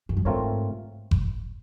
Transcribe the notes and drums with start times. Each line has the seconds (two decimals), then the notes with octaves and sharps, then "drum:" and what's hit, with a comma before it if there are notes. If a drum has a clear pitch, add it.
0.09 F#2
0.17 G2
0.25 G#2 A3 C4 F4 A#4 C#5
1.11 drum: kick F#1